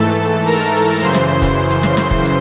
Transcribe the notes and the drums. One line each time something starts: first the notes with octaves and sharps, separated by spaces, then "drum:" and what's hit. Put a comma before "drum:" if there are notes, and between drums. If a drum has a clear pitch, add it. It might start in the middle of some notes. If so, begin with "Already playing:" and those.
Already playing: G#2 E3 A3 A4 A5
A#4 A#5
drum: hi-hat
drum: open hi-hat
F#2 C#3 E3 C5 C6
drum: snare
drum: kick, hi-hat
drum: hi-hat
drum: snare
drum: snare
drum: kick
drum: hi-hat